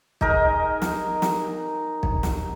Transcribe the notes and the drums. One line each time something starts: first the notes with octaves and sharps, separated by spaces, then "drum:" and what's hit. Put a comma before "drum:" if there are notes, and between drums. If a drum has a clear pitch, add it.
D#4 G#4 A#4, drum: kick B1
drum: snare
drum: snare
drum: kick B1
drum: snare